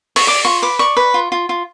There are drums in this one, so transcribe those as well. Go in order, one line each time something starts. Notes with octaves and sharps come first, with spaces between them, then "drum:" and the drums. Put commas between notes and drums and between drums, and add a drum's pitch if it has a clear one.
C#6, drum: open hi-hat
D5 D6
F4 C#6
B4 D6
D5 C#6
B4
F4
F4
F4